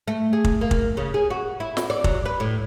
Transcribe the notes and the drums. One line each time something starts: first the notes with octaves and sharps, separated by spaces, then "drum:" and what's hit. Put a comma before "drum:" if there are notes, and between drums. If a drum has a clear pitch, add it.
A3
G#4
drum: kick
A#3
drum: kick
C#3
G#4
F#4
E4
drum: snare
D5
F#3, drum: kick
B4
A2